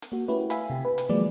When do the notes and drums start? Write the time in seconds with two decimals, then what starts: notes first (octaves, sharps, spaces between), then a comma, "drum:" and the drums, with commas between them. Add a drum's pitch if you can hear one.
0.02 drum: hi-hat
0.12 A#3 F#4
0.28 A3 C#4 E4 F#4 G4 B4
0.50 E5 F5 G#5 B5, drum: hi-hat
0.70 C3 G4
0.85 B4
0.98 drum: hi-hat
1.09 D#3 F3 F#3 G#3 A#3 D5